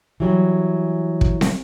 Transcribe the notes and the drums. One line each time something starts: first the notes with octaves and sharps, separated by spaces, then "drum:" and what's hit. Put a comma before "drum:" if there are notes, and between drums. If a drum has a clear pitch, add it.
E3 F#3 G3
drum: kick
drum: snare